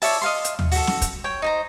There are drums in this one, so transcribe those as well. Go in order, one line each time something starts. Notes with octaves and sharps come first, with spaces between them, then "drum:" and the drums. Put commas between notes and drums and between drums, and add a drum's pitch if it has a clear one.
C#5 D5 E5 A5, drum: open hi-hat
D#5 F5 C6
drum: hi-hat
drum: tom D#2
F#4 A4, drum: open hi-hat
drum: snare
drum: kick, hi-hat
C#5 G5
D#4 C5 A#5